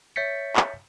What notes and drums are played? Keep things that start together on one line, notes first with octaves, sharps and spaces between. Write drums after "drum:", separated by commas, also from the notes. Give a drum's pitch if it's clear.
C#5 E5 G6 A6 B6 C#7
drum: clap